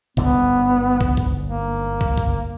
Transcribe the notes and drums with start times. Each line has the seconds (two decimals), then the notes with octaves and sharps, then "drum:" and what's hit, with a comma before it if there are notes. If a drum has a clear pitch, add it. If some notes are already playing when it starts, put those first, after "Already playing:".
0.17 G1 G#2 D3 B3, drum: kick
1.01 drum: kick
1.17 drum: kick
1.46 A#3
2.01 drum: kick
2.18 drum: kick